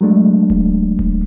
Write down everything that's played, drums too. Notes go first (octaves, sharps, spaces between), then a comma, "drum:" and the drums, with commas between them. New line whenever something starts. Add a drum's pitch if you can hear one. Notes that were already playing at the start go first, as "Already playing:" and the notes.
F#3 G#3 A3 D4
drum: kick D1
drum: kick D1